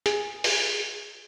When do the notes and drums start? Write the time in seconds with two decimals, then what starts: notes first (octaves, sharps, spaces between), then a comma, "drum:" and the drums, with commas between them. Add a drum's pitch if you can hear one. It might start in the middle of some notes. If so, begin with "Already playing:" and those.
0.06 G#4, drum: hi-hat
0.44 drum: open hi-hat